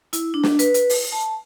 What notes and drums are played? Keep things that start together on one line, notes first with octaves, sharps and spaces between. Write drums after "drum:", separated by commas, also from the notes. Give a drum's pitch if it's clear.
E4, drum: hi-hat
D4
drum: snare
B4, drum: hi-hat
drum: hi-hat
drum: open hi-hat
A5